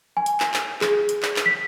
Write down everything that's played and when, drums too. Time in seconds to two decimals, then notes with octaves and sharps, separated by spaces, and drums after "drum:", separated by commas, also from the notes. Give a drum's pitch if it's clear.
0.17 G#5
0.26 drum: hi-hat
0.40 drum: clap
0.54 drum: clap
0.81 G#4, drum: clap
1.09 drum: hi-hat
1.23 drum: clap
1.36 drum: clap
1.46 B6